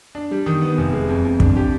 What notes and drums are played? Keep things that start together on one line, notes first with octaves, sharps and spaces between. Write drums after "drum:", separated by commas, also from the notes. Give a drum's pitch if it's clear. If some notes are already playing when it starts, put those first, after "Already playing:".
D4
G3
D#3
B3
F1
G#3
F2
F2
D4, drum: kick
G4